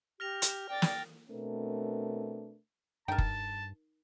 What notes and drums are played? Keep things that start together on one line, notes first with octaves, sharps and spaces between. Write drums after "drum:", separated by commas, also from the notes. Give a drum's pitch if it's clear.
G4 F6 A#6 F7
drum: hi-hat
D5 G5 A6
drum: snare
B2 A3 C4 D4 A#4 B4
G2 D#4 A#4 G5 A5
drum: kick F#1